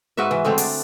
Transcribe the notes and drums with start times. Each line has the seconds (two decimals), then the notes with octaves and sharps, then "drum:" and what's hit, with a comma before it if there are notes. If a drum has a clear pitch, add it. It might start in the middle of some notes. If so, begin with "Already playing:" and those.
0.17 G#2 F#4 B4 E5
0.31 E3
0.45 D3 G#3 A3 C4
0.58 D4, drum: open hi-hat